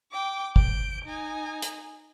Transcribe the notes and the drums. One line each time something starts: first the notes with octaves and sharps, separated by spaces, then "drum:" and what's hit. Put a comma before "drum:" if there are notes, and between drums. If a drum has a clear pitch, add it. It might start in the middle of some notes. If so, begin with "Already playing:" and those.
G5 D6
G6 D7, drum: kick
D#4 G#5
drum: hi-hat